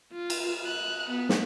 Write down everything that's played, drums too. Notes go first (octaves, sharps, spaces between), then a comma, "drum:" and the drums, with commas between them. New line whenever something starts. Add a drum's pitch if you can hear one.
F4
drum: cymbal
F#6
B3
drum: snare